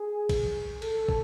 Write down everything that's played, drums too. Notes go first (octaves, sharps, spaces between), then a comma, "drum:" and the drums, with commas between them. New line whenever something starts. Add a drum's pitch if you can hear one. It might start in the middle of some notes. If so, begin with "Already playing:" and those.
Already playing: G#4
drum: kick, cymbal
A4, drum: cymbal
drum: kick